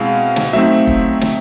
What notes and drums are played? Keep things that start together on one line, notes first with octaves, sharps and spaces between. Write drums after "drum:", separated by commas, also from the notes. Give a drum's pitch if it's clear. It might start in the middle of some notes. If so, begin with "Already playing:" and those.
Already playing: B2 G#3 C4 E4 F5
drum: snare
F#3 A3 C4 D#4 E5
drum: kick F1
drum: snare